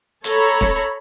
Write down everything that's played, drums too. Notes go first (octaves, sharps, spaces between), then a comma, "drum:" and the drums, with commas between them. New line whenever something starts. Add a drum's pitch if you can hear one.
A4 C#5 A#5 B5, drum: hi-hat
drum: snare